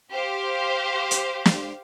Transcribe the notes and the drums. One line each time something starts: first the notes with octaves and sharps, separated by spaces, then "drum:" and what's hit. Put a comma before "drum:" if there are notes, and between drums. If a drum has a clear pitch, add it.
G4 C5 F5
drum: hi-hat
drum: snare